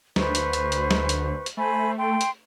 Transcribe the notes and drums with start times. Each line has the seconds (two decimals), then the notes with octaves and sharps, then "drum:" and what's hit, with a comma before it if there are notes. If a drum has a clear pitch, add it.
0.16 D2 B4 C5 C#6, drum: snare
0.35 drum: hi-hat
0.53 drum: hi-hat
0.72 drum: hi-hat
0.91 drum: snare
1.09 drum: hi-hat
1.46 drum: hi-hat
1.57 A3 C5 G#5 B5
1.98 G5 C6
2.21 drum: hi-hat